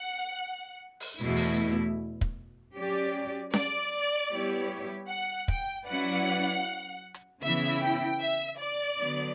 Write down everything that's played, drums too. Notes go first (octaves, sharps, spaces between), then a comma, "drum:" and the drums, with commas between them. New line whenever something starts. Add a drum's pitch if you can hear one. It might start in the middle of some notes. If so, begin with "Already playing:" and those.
Already playing: F#5
drum: open hi-hat
E2 B2 A3 E4
drum: open hi-hat
drum: kick
F#3 C#4 G4 D5
D5, drum: snare C#4
G3 B3 E4 G4 C#5
F#5
G5, drum: kick
F#3 C#4 E4 B4 D5 F#5
drum: hi-hat
C#3 E3 B3 E4 E5
G5
E5
D5
D3 F#3 B3